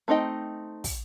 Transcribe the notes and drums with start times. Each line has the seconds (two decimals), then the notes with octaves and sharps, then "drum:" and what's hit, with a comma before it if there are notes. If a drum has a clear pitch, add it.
0.08 A3 C4 D#4 D#5 G5
0.84 drum: kick, open hi-hat